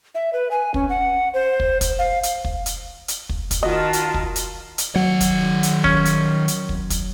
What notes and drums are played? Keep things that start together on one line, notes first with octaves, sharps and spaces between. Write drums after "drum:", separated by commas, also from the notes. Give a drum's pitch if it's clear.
E5
B4
G#5
C#4, drum: kick
F#5
C5
drum: kick
drum: kick, hi-hat
F5
drum: hi-hat
drum: kick
drum: hi-hat
drum: hi-hat
drum: kick
drum: kick, hi-hat
D#3 F4 F#4 D#5 A5
drum: hi-hat
drum: kick
drum: hi-hat
drum: hi-hat
D#3 F#3 F#5
drum: kick, hi-hat
drum: hi-hat
C#4, drum: kick
drum: hi-hat
drum: hi-hat
drum: kick
drum: kick, hi-hat